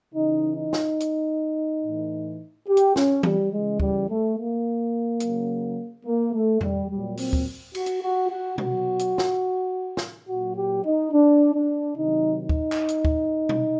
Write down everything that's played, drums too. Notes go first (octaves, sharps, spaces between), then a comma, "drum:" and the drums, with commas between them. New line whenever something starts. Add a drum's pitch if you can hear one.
C#3 E3 D#4
D#4
drum: snare
drum: hi-hat
A2 E3
G4
drum: hi-hat
C#4, drum: snare
G3, drum: tom E3
C#3 E3 G#3
G3, drum: kick
A3
A#3
C#3 F#3, drum: hi-hat
A#3
A3
G3, drum: tom E2
A#2 F#3 G3
C4, drum: open hi-hat
drum: kick
F#4, drum: cymbal
drum: hi-hat
F#4
F#4
B2 F#3 F#4, drum: tom B2
drum: hi-hat
drum: snare
drum: snare
A#2 F#3 F#4
G4
D#4
D4
D4
C3 D#3 F#3 D#4
D#4
drum: kick
drum: clap
drum: hi-hat
drum: kick
drum: tom B2